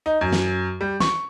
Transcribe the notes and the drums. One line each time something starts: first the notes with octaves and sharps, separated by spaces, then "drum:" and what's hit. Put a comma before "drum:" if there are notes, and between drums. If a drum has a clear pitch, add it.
D#4
F#2
drum: snare
G3
C#6, drum: snare